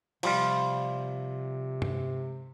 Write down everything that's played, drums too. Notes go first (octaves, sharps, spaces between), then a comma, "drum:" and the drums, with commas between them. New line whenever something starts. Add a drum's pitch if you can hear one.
C3 F3 G3 F4, drum: cymbal
drum: tom G2